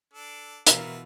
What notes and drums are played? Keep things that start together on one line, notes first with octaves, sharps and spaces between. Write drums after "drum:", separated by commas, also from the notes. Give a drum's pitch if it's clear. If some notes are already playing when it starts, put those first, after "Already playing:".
D4 A4
B2 E3 F4 F#4 A#4 E5 F5 F7, drum: hi-hat